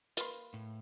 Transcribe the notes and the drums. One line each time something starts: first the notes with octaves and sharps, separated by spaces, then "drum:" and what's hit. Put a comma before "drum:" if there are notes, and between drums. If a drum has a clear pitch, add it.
A#3 B4 C6, drum: hi-hat
A2